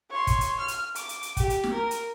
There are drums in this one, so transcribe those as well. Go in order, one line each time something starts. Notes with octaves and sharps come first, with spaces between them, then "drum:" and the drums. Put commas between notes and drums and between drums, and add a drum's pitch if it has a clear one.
C#5 C6
drum: kick, hi-hat
drum: hi-hat
F6
drum: hi-hat
D6, drum: hi-hat
drum: hi-hat
drum: hi-hat
G4, drum: kick, hi-hat
drum: hi-hat
drum: snare
A#4
drum: hi-hat